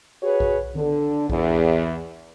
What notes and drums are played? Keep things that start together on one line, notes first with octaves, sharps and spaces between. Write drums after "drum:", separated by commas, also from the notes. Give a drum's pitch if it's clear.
F#4 G#4 B4 C#5
drum: kick A1
D3, drum: tom D#3
E2, drum: kick A1